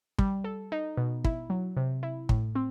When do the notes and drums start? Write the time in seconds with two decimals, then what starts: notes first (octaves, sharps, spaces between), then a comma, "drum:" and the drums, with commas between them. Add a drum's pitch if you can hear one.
0.19 G3, drum: kick
0.44 A4
0.72 D#4
0.97 B2
1.24 E4, drum: kick
1.50 F#3
1.77 C3
2.03 E4
2.29 A2, drum: kick
2.55 C4